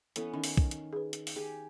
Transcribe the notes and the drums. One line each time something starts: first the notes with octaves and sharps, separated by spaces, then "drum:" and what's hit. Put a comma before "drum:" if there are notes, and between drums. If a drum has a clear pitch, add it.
E3 B3 C#4 A4, drum: hi-hat
D#3 C#4
drum: open hi-hat
drum: kick
drum: hi-hat
G#4 B4
drum: hi-hat
drum: open hi-hat
G4 G#4 G#5